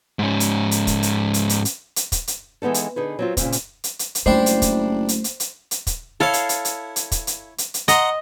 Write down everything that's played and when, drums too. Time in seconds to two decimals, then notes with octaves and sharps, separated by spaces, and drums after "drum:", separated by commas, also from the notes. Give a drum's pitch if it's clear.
0.19 G#2 C#4
0.40 drum: hi-hat
0.71 drum: hi-hat
0.87 drum: kick, hi-hat
1.03 drum: hi-hat
1.34 drum: hi-hat
1.49 drum: hi-hat
1.65 drum: hi-hat
1.96 drum: hi-hat
2.12 drum: kick, hi-hat
2.27 drum: hi-hat
2.62 E3 G#3 B3 D#4 A4
2.74 drum: hi-hat
2.96 D3 D#4 G#4 B4
3.19 F#3 C4 F4
3.37 A#2 C#3 C4, drum: kick, hi-hat
3.52 drum: hi-hat
3.84 drum: hi-hat
3.99 drum: hi-hat
4.15 drum: hi-hat
4.26 F#1 G3 A3 D4 E4 G4 C5
4.46 drum: hi-hat
4.62 drum: kick, hi-hat
5.09 drum: hi-hat
5.24 drum: hi-hat
5.40 drum: hi-hat
5.71 drum: hi-hat
5.87 drum: kick, hi-hat
6.20 E4 A4 C#5 F5
6.33 drum: hi-hat
6.49 drum: hi-hat
6.65 drum: hi-hat
6.96 drum: hi-hat
7.12 drum: kick, hi-hat
7.27 drum: hi-hat
7.58 drum: hi-hat
7.74 drum: hi-hat
7.88 D#5 F#5 A#5 C6, drum: hi-hat